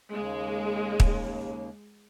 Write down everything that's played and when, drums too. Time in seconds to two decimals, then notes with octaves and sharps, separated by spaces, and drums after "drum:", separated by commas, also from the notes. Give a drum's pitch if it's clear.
0.12 D#2 C#3 G#3 A#3
1.00 drum: kick